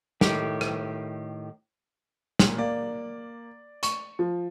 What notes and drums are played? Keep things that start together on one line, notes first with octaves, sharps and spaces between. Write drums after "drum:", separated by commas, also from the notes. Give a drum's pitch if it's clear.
A2 D#3 G4, drum: snare
drum: rim click
E1 A#2 F#7, drum: snare
A#3 D5
C#6, drum: hi-hat
F3